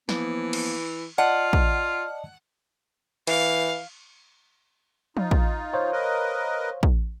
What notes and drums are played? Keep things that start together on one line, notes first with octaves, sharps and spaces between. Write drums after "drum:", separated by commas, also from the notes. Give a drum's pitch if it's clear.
E3 F3 A#3 B3, drum: snare
drum: cymbal
F4 D5 D#5 F#5 A5 F6
drum: kick
E3 F5, drum: cymbal
D#4 F4, drum: tom F3
drum: kick
C5 C#5 F5
A#4 B4 D#5
drum: kick